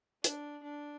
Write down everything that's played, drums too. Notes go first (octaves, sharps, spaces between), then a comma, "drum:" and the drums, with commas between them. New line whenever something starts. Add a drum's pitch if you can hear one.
D4, drum: hi-hat
D4